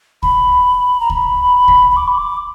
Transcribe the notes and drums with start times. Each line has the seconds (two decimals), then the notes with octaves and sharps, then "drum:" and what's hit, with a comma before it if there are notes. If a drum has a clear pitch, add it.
0.23 B5, drum: kick C#2
1.00 A#5
1.10 B5, drum: kick C#2
1.68 drum: kick C#2
1.91 B5
1.97 D6
2.08 B5
2.18 D6